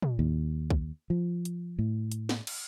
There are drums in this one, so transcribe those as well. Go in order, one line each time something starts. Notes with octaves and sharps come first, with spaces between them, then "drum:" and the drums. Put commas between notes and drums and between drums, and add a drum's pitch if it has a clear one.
drum: tom
D#2
drum: kick B1
F3
drum: hi-hat
A2
drum: hi-hat
drum: snare
drum: cymbal